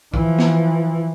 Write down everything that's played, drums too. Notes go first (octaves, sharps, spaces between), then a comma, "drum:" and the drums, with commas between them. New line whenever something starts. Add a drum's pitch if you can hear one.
E3 F3, drum: kick
drum: snare B3